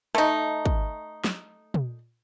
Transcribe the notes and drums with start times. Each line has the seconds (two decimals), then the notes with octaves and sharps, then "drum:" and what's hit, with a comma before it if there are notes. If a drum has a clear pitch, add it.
0.15 A3 D#4, drum: rim click
0.65 drum: kick
1.24 drum: snare
1.74 drum: tom